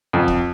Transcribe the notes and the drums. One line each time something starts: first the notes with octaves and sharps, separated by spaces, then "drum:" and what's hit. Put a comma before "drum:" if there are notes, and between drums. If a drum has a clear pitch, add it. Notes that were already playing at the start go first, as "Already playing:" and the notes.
F2
drum: kick C#1